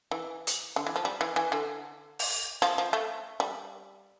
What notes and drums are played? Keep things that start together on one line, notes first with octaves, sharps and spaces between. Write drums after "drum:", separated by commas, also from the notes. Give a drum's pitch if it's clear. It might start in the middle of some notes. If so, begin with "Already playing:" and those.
E3
drum: hi-hat
D3
E3
F3
G3
E3
E3
D3
drum: open hi-hat
F3, drum: rim click
F3
A3
G3